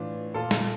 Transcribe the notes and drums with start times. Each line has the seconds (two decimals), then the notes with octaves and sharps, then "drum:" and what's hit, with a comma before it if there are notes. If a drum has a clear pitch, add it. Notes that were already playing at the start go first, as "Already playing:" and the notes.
Already playing: A2 E3 D4 F4
0.34 A#2 F4 A4
0.51 drum: snare